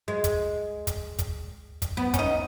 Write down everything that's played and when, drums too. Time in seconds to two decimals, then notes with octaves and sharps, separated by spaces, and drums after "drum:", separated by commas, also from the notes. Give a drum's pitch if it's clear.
0.08 G#3
0.24 drum: kick, hi-hat
0.87 drum: kick, hi-hat
1.19 drum: kick, hi-hat
1.82 drum: kick, hi-hat
1.97 B3
2.14 C#4, drum: kick, hi-hat
2.19 D#4